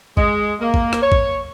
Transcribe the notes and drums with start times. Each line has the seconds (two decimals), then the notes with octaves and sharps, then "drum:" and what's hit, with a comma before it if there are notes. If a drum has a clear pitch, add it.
0.17 G#3, drum: kick
0.61 A#3
0.74 drum: kick
0.93 drum: rim click
1.02 C#5
1.12 drum: kick